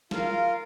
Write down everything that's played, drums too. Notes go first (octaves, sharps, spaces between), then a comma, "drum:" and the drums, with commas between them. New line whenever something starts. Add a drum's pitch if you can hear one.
F4 A#4 F5, drum: snare